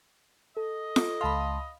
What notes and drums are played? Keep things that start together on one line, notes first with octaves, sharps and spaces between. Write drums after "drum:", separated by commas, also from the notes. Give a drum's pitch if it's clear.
A4 D#5
drum: snare
C#2 F5 A5 B5 C6